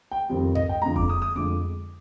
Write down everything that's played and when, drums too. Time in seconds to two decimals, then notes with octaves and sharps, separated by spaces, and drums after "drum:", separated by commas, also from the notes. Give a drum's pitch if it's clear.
0.11 G5
0.29 F2 D#3 G3 C4
0.55 D#5, drum: tom G2
0.69 G5
0.82 F2 D3 G#3 A#5
0.96 D6, drum: kick E1
1.09 D#6
1.22 D#6
1.35 F2 D3 G#3 D6